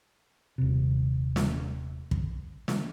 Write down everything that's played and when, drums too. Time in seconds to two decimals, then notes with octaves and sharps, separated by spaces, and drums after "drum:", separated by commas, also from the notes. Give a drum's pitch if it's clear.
0.58 D#1 C3
1.36 drum: snare
2.11 drum: kick
2.68 drum: snare